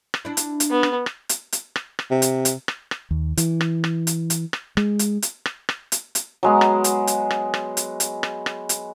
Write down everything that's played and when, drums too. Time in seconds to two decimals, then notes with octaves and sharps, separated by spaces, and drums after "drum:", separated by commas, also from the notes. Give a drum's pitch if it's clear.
0.14 drum: rim click
0.25 D4 E4
0.37 drum: hi-hat
0.60 drum: hi-hat
0.70 B3
0.83 drum: rim click
1.06 drum: rim click
1.29 drum: hi-hat
1.52 drum: hi-hat
1.76 drum: rim click
1.99 drum: rim click
2.10 C3
2.22 drum: hi-hat
2.45 drum: hi-hat
2.68 drum: rim click
2.91 drum: rim click
3.11 D#2
3.37 E3, drum: hi-hat
3.61 drum: rim click
3.84 drum: rim click
4.07 drum: hi-hat
4.30 drum: hi-hat
4.53 drum: rim click
4.77 G#3, drum: rim click
4.99 drum: hi-hat
5.22 drum: hi-hat
5.46 drum: rim click
5.69 drum: rim click
5.92 drum: hi-hat
6.15 drum: hi-hat
6.43 F#3 G#3 B3
6.61 drum: rim click
6.84 drum: hi-hat
7.07 drum: hi-hat
7.31 drum: rim click
7.54 drum: rim click
7.77 drum: hi-hat
8.00 drum: hi-hat
8.23 drum: rim click
8.46 drum: rim click
8.69 drum: hi-hat